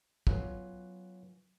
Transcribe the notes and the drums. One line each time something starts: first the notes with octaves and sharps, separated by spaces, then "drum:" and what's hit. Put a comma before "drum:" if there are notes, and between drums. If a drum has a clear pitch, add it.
F#3 B3 C#4 F4, drum: kick